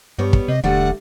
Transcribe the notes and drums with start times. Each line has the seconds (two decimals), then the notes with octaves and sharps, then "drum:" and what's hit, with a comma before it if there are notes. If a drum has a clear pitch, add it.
0.19 G2 G3 B3 C#5
0.33 drum: kick
0.48 C3 D#5
0.64 E1 D3 G3 A3 F#5